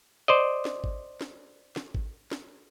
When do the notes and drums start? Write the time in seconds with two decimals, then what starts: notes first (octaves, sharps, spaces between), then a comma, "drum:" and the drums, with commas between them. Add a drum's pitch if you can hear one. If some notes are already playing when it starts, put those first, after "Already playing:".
0.28 C5 D5 D#5
0.65 drum: snare
0.84 drum: kick
1.21 drum: snare
1.76 drum: snare
1.95 drum: kick
2.31 drum: snare